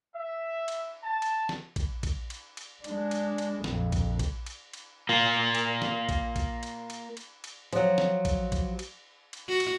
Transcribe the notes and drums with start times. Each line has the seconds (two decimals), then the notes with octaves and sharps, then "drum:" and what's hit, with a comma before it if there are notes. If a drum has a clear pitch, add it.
0.15 E5
0.68 drum: cymbal
1.02 A5
1.22 drum: cymbal
1.49 drum: snare
1.76 drum: kick A#1, cymbal
2.03 drum: kick A#1, cymbal
2.30 drum: cymbal
2.57 drum: cymbal
2.84 G#3 D4, drum: cymbal
3.11 drum: cymbal
3.38 drum: cymbal
3.64 A#1 F2, drum: snare
3.92 drum: kick A#1, cymbal
4.19 drum: kick A#1, cymbal
4.46 drum: cymbal
4.73 drum: cymbal
5.09 A#3 F4
5.55 drum: cymbal
5.82 drum: snare
6.09 drum: kick A#1, cymbal
6.36 drum: kick A#1, cymbal
6.63 drum: cymbal
6.90 drum: cymbal
7.17 drum: cymbal
7.44 drum: cymbal
7.73 F3 F#3, drum: cymbal
7.98 drum: snare
8.25 drum: kick A#1, cymbal
8.52 drum: kick A#1, cymbal
8.79 drum: cymbal
9.33 drum: cymbal
9.48 F#4
9.60 drum: cymbal